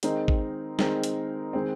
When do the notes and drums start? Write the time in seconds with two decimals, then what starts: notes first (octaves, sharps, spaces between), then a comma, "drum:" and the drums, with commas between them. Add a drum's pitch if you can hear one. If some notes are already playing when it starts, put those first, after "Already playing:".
0.03 D#3 G#3 C4 D#4 A#4, drum: hi-hat
0.28 drum: kick
0.79 D#3 G#3 C4 D#4 A#4, drum: snare
1.04 drum: hi-hat
1.53 D#3 G#3 C4